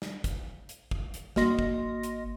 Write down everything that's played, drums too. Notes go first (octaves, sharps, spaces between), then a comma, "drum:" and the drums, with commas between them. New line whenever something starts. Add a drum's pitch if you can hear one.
drum: snare
drum: kick, hi-hat
drum: hi-hat
drum: kick
drum: hi-hat
G#1 A#3 F#4 D#5 C6 A#6, drum: snare
drum: kick
drum: hi-hat